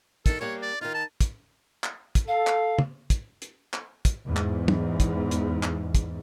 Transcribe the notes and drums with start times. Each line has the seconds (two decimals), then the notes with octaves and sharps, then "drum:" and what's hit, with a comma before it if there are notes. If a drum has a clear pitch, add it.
0.26 D#3 D4 A4, drum: kick, hi-hat
0.41 G3 A#3 D4 C#5
0.62 D5
0.81 D#3 D#4 F4
0.94 A5
1.21 drum: kick, hi-hat
1.84 drum: clap
2.15 drum: kick, hi-hat
2.28 A4 F5
2.47 drum: clap
2.79 drum: tom
3.10 drum: kick, hi-hat
3.42 drum: hi-hat
3.73 drum: clap
4.05 drum: kick, hi-hat
4.26 E2 G#2
4.37 drum: clap
4.68 drum: tom
5.00 drum: kick, hi-hat
5.31 drum: hi-hat
5.63 drum: clap
5.95 drum: kick, hi-hat